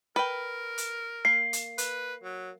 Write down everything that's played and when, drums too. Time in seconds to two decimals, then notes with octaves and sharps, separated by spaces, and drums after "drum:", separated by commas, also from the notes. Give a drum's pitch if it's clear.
0.16 A#4 B4 G5
0.78 drum: hi-hat
1.25 A#3 C7
1.53 drum: hi-hat
1.78 B4, drum: hi-hat
2.24 F#3